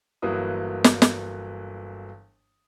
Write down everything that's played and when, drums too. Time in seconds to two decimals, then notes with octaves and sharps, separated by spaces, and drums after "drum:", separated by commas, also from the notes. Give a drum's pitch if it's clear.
0.22 G1 E3 F#3 A#3 D#6
0.84 drum: snare
1.02 drum: snare